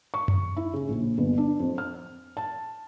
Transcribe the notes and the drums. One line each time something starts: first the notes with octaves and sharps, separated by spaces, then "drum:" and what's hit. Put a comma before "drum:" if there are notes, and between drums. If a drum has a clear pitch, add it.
C#6
drum: tom F#2
E4
C#3
A#1
G1
D4
F2
F6
A5